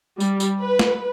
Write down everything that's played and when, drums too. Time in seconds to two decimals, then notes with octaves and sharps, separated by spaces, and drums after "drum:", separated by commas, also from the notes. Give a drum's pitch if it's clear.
0.20 G3, drum: tambourine
0.40 drum: tambourine
0.61 B4
0.79 drum: snare